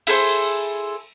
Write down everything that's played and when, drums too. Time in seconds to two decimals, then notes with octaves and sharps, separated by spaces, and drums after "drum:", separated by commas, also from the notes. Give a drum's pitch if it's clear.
0.07 E4 G#4 A4 C5, drum: cymbal